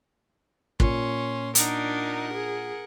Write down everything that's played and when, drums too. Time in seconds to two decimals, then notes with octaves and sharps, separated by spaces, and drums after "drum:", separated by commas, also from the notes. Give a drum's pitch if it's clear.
0.80 A#2 C#4 C6, drum: kick
1.55 D4 D#4 A#4 F#5, drum: hi-hat
2.33 G#4